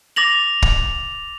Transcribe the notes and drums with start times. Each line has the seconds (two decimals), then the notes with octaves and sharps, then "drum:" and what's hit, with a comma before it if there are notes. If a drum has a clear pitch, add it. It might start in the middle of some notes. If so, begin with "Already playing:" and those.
0.16 D6 A6 A#6 F7 F#7
0.62 drum: kick